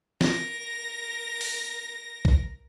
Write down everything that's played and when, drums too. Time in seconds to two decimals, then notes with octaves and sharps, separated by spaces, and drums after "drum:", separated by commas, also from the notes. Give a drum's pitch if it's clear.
0.21 A#4 A#6, drum: snare
1.41 drum: open hi-hat
2.25 drum: kick